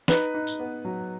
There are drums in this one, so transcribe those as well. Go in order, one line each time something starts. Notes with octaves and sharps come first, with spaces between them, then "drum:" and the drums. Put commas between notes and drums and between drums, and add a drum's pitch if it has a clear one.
D#4 B4, drum: snare
D#4
drum: tambourine
B3
F#3